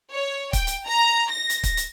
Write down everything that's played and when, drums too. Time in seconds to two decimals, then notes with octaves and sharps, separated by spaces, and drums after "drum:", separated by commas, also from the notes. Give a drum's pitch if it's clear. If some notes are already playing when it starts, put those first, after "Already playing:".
0.12 C#5
0.53 G5, drum: kick, hi-hat
0.67 drum: hi-hat
0.86 A#5
1.31 A#6
1.50 drum: hi-hat
1.63 drum: kick, hi-hat
1.77 drum: hi-hat